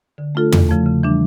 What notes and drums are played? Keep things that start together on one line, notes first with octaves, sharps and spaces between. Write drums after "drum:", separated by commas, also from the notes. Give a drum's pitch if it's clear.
D3
A3 D4 F4 A4
E2, drum: tom
C#3 F3 A3
C#3
E3 G3 D4